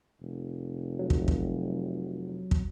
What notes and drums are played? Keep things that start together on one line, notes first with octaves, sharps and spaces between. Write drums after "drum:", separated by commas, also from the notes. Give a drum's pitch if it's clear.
F1
F#3
drum: kick
drum: kick
drum: kick